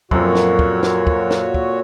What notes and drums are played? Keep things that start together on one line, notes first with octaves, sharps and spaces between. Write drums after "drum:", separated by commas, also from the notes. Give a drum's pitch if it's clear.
F#2 A#2 F3 C4 F#4 A4 A#4 C#5, drum: kick
drum: snare
drum: kick
drum: snare
drum: kick
drum: snare
drum: kick